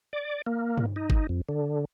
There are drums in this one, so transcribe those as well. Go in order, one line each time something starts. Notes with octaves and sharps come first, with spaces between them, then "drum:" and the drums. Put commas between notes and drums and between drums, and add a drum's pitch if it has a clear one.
D5
A#3
drum: tom G2
D#4
drum: kick G1
F2
D3